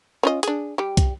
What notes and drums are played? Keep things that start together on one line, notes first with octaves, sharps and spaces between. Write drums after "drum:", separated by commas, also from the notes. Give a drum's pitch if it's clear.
C#4 F4 D#5
D4 G#4, drum: hi-hat
G3 G4
drum: kick, hi-hat